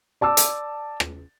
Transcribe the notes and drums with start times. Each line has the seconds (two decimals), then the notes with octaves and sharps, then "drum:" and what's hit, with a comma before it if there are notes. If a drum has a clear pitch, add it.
0.21 D5 A5 D6 E6
0.37 drum: hi-hat
1.00 drum: rim click